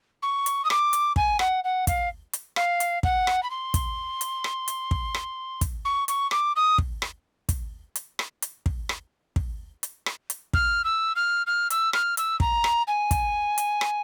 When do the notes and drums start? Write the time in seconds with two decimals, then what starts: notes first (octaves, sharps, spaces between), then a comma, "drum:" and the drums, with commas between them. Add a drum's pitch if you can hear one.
0.22 C#6
0.46 drum: hi-hat
0.64 D#6
0.70 D6, drum: rim click
0.93 drum: hi-hat
1.16 G#5, drum: kick
1.39 F#5, drum: rim click
1.64 F#5
1.87 F5, drum: kick, hi-hat
2.33 drum: hi-hat
2.56 F5, drum: rim click
2.80 drum: hi-hat
3.03 F#5, drum: kick
3.27 drum: rim click
3.43 B5
3.50 C6
3.74 drum: kick, hi-hat
4.21 drum: hi-hat
4.44 drum: rim click
4.68 drum: hi-hat
4.91 drum: kick
5.14 drum: rim click
5.61 drum: kick, hi-hat
5.85 C#6
6.08 C#6, drum: hi-hat
6.31 D6, drum: rim click
6.56 D#6
6.78 drum: kick
7.02 drum: rim click
7.49 drum: kick, hi-hat
7.96 drum: hi-hat
8.19 drum: rim click
8.42 drum: hi-hat
8.66 drum: kick
8.89 drum: rim click
9.36 drum: kick
9.83 drum: hi-hat
10.06 drum: rim click
10.30 drum: hi-hat
10.53 F6, drum: kick
10.84 E6
11.15 F6
11.46 F6
11.70 E6, drum: hi-hat
11.93 F6, drum: rim click
12.17 E6, drum: hi-hat
12.40 A#5, drum: kick
12.64 drum: rim click
12.87 G#5
13.11 drum: kick, hi-hat
13.58 drum: hi-hat
13.81 drum: rim click